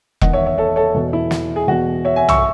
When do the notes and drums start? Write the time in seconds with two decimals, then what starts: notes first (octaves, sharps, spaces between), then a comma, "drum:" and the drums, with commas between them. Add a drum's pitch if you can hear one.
0.21 E2 D#3 D#5 F#5, drum: kick E1
0.33 C#5 E5
0.46 C#5 E5
0.58 A4 C#5
0.76 A4 C#5
0.94 E2 B2
1.13 E4
1.31 drum: snare
1.56 G#4
1.68 E2 B2 F#4
2.05 C#5 E5
2.16 E5 G#5
2.29 C#6 E6, drum: tom B1